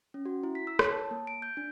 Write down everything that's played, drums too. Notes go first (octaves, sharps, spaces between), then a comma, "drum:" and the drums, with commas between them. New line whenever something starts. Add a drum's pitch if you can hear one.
C#4
F#4
E4
B6
E6
C#5, drum: rim click
A5
A#3
D7
G6
D4